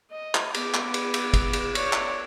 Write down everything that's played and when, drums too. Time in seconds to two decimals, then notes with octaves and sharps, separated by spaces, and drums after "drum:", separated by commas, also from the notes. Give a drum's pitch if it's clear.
0.11 D#5
0.35 drum: clap
0.54 B3 D6, drum: cymbal
0.74 drum: clap
0.94 drum: cymbal
1.14 drum: cymbal
1.34 drum: kick, cymbal
1.53 drum: cymbal
1.75 C#5 D5, drum: cymbal
1.93 drum: clap